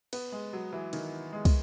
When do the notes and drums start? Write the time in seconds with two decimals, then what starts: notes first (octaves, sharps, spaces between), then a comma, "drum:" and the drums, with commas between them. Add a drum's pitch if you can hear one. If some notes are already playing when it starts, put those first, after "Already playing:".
0.13 B3, drum: cymbal
0.32 G#3
0.53 F#3
0.73 E3
0.93 D#3, drum: cymbal
1.32 G#3
1.45 drum: kick, cymbal